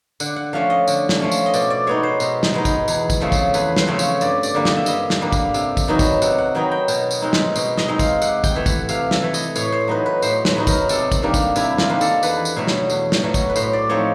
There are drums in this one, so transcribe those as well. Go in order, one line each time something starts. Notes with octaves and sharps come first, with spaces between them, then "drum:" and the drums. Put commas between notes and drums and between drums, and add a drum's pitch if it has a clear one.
D3 F#5, drum: tambourine
F#5
F3 A3 C#4 F5
D#5
D3, drum: tambourine
drum: snare
F3 A3 C#4
drum: tambourine
D#5
B2 D5, drum: tambourine
D5
G#3 B3 D#4 C#5
C5
B2, drum: tambourine
drum: snare
G#3 B3 D#4
drum: kick, tambourine
E2, drum: tambourine
drum: kick, tambourine
C#3 F3 A3 C4
drum: kick, tambourine
E2 B4, drum: tambourine
C5, drum: snare
C#3 F3 A3 C4
C#5, drum: tambourine
G2 D5, drum: tambourine
D5, drum: tambourine
D3 G3 A#3
D#5, drum: snare
E5
G2 D#5, drum: tambourine
drum: snare
D3 G3 A#3
drum: kick, tambourine
C3, drum: tambourine
drum: kick, tambourine
D#3 F#3 B3 D#4
drum: kick, tambourine
C3 F#5, drum: tambourine
F#5
D#3 F#3 B3 D#4 G5
G5
B2, drum: tambourine
drum: tambourine
G#3 C4 D#4
drum: snare
B2, drum: tambourine
D#5, drum: snare
G#3 C4 D#4
F5, drum: kick, tambourine
C3 F#5, drum: tambourine
G5, drum: kick, tambourine
E3 A3
F#5, drum: kick, tambourine
C3 F5, drum: tambourine
E5, drum: snare
E3 A3
D#5, drum: tambourine
A2 C#5, drum: tambourine
C5
F#3 B3 D#4 B4
B4
A2 C5, drum: tambourine
B4, drum: snare
F#3 B3 D#4
A#4, drum: kick, tambourine
C3 A4, drum: tambourine
drum: kick, tambourine
D#3 G3 A#3 D4
drum: kick, tambourine
C3 E4, drum: tambourine
F4, drum: snare
D#3 G3 A#3 D4
A4, drum: tambourine
E2 B4, drum: tambourine
drum: tambourine
B2 F#3 A3
drum: snare
E2, drum: tambourine
drum: snare
B2 F#3 A3
drum: kick, tambourine
B4
A2 C5, drum: tambourine
D5
F3 A3 C4 D#4 C#5